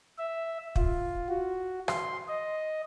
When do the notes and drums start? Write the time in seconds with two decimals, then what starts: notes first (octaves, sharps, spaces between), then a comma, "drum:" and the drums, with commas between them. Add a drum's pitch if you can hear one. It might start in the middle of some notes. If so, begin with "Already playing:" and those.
0.18 E5
0.76 F4, drum: kick
1.29 F#4
1.88 C6, drum: rim click
2.28 D#5